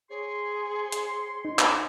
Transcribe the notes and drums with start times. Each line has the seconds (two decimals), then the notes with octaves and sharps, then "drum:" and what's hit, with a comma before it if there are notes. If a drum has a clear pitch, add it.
0.10 C4 G#4 C#5 C6
0.92 drum: hi-hat
1.45 D#4
1.59 drum: clap